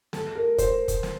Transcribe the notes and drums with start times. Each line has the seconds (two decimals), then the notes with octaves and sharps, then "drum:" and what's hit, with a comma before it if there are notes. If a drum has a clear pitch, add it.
0.13 A4, drum: snare
0.35 A#4
0.58 C5, drum: kick, hi-hat
0.88 drum: kick, hi-hat
1.03 drum: snare